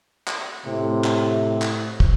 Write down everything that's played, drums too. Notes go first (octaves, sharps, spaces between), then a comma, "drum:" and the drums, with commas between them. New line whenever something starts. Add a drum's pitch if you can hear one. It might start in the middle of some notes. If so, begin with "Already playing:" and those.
drum: clap
A2 C3
drum: clap
drum: clap
drum: kick